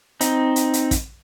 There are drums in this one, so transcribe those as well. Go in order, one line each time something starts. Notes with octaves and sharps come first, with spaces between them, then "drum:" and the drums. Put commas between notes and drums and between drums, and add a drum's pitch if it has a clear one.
C4 D#4, drum: hi-hat
drum: hi-hat
drum: hi-hat
drum: kick, hi-hat